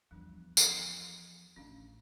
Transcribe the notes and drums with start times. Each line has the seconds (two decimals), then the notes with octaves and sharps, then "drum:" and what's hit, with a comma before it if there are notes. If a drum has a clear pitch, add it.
0.11 E2 F3 G3 D4
0.57 drum: tambourine
1.56 A1 C#4 D4 F5